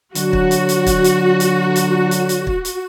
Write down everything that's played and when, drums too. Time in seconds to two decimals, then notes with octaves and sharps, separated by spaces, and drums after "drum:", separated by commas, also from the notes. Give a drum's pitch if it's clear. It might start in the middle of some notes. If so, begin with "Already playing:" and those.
0.15 D3 F#3 F#4, drum: hi-hat
0.33 drum: kick
0.51 drum: hi-hat
0.69 drum: hi-hat
0.86 drum: kick, hi-hat
1.04 drum: hi-hat
1.40 drum: hi-hat
1.76 drum: hi-hat
2.11 drum: hi-hat
2.29 drum: hi-hat
2.47 drum: kick
2.65 drum: hi-hat